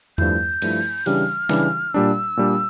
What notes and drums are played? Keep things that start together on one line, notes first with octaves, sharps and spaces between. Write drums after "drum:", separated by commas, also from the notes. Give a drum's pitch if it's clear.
G2 F3 A3 E4 G6, drum: tom E2
G2 F3 A3 E4, drum: cymbal
C#3 E3 G3 D4 G4 F6, drum: open hi-hat
C#3 E3 G3 D4 G4, drum: snare
A#2 G3 D4 E6
A#2 G3 D4